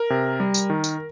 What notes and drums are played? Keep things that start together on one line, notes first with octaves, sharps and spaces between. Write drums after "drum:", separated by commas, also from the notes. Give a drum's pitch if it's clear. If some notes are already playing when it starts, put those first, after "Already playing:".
Already playing: A#4
C3
G3
drum: tambourine
D#3
drum: tambourine